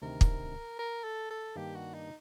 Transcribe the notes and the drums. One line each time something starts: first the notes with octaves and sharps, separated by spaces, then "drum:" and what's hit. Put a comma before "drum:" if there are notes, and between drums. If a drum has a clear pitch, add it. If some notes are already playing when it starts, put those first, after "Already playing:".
D2 C3 D#3 A#4
drum: kick
A#4
A4
A4
G2 D#3 G3 A#3 D4 G4
F#4
D#4